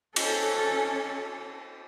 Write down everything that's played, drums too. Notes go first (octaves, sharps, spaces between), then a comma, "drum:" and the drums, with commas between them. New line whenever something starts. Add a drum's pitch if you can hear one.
C#4 A4, drum: cymbal